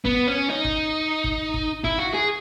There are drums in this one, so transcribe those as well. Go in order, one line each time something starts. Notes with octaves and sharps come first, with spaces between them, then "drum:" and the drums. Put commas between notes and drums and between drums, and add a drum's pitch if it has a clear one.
B3, drum: kick
C#4
D#4
drum: kick
drum: kick
drum: kick
E4, drum: kick
F#4
G#4